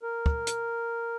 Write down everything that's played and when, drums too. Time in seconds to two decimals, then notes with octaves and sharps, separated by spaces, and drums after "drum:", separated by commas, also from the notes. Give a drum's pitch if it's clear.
0.03 A#4
0.26 drum: kick
0.47 drum: hi-hat